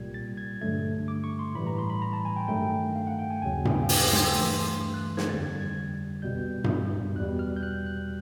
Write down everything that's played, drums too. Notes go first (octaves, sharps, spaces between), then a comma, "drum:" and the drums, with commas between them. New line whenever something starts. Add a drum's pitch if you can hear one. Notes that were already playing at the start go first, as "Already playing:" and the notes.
Already playing: C2 A#2 G3 G#6
A6
G#6
G2 D3 F#3 A3 G#6
D6
C#6
C6
A2 E3 G3 B5
A#5
C6
B5
A#5
A5
G#5
G5
G2 D#3 F#3 A3 G5
F5
F#5
G5
G#5
D#2 C#3 F#3 G#5
G5, drum: tom G2
F5
F#5, drum: open hi-hat
G5
C6, drum: snare
E6
G2 E3 A3 C6
C6
F#6
G#6, drum: snare
F2 D3 G3 A6
G#6
G#6
C2 B2 G3 G6
drum: tom G2
E2 B2 G3 F#6
F6
G6
F#6
F#6